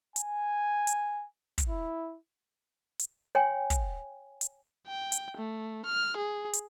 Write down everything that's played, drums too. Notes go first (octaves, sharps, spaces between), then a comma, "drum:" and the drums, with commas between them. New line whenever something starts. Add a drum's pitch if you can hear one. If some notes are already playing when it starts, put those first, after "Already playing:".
G#5, drum: hi-hat
drum: hi-hat
drum: kick, hi-hat
E4
drum: hi-hat
C#5 G5 G#5 C6
drum: kick, hi-hat
drum: hi-hat
G5
drum: hi-hat
A3
F6
G#4
drum: hi-hat